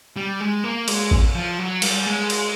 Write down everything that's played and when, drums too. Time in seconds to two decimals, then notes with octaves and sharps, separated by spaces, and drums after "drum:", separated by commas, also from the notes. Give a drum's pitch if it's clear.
0.16 G3
0.41 G#3
0.64 A#3
0.88 G#3, drum: cymbal
1.11 drum: kick A1
1.35 F3
1.59 F#3
1.82 G3, drum: cymbal
2.06 G#3
2.30 drum: cymbal